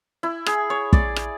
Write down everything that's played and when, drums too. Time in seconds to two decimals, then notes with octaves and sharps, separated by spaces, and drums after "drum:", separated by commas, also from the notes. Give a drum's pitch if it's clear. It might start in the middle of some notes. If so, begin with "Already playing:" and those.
0.23 E4
0.46 G#4, drum: rim click
0.70 C#5
0.93 D5, drum: kick
1.16 drum: rim click